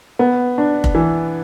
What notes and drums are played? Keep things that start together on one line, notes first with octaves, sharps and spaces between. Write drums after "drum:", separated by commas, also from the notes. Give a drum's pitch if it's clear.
B3
D4
drum: kick F1
E3